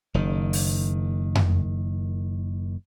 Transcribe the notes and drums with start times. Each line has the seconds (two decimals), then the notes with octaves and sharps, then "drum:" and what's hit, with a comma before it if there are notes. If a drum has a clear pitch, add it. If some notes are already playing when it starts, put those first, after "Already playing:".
0.14 F#1 D#3
0.53 drum: open hi-hat
1.35 drum: tom F2